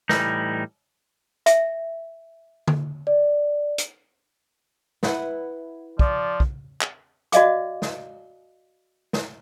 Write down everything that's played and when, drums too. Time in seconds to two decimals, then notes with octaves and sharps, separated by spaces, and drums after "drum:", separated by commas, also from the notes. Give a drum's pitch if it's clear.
0.09 A2 E3 G3 D#4, drum: snare
1.46 E5, drum: hi-hat
2.68 drum: tom D3
3.07 D5
3.78 drum: hi-hat
5.03 E4 B4 F#5, drum: snare
5.99 F3 D5, drum: kick
6.40 drum: kick
6.81 drum: clap
7.32 F#4 D5 D#5 F5 D6, drum: hi-hat
7.82 drum: snare
9.13 drum: snare